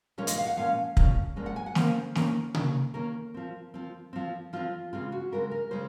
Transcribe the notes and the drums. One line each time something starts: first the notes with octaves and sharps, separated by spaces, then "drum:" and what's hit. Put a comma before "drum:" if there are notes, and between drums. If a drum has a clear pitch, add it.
A#2 F3 G#3 C#4 C#5
D#5, drum: hi-hat
F5
F#5
A#2 F3 G#3 C#4 F5
A#2 F3 G#3 C#4, drum: kick
A#2 F3 G#3 C#4
F#5
G#5
F#5
D#3 A#3 C#4 C5, drum: snare
D#3 A#3 C#4, drum: snare
D#3 A#3 C#4, drum: tom C3
D#3 A#3 C#4 A#4
F3 C4
F3 C4
F3 C4
F3 C4 F4
C#3 G#3 C4 F4
F#4
C#3 G#3 C4 A#4
A#4
C#3 G#3 C5